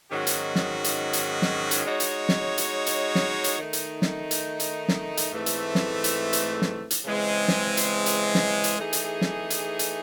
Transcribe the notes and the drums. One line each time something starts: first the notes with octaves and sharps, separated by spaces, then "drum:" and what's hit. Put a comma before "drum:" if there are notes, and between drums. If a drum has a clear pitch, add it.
G#2 D#3 F#3 C#4 F#4
drum: hi-hat
drum: snare
drum: hi-hat
drum: hi-hat
drum: snare
drum: hi-hat
G#3 D#4 F#4 C#5
drum: hi-hat
drum: snare
drum: hi-hat
drum: hi-hat
drum: snare
drum: hi-hat
D#3 A3 D#4
drum: hi-hat
drum: snare
drum: hi-hat
drum: hi-hat
drum: snare
drum: hi-hat
G#2 E3 A3 C4
drum: hi-hat
drum: snare
drum: hi-hat
drum: hi-hat
drum: snare
drum: hi-hat
C#3 E3 G#3 C4
drum: snare
drum: hi-hat
drum: hi-hat
drum: snare
drum: hi-hat
E3 A3 D#4 G#4
drum: hi-hat
drum: snare
drum: hi-hat
drum: hi-hat